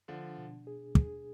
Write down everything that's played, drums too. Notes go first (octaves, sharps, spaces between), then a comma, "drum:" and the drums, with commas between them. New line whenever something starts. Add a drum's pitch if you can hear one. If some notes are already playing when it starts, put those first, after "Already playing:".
D3 F3 D4
B2
G#4
G#4, drum: kick